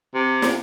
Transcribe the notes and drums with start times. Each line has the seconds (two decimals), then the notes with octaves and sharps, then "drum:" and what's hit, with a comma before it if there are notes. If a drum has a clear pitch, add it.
0.15 C3
0.42 drum: snare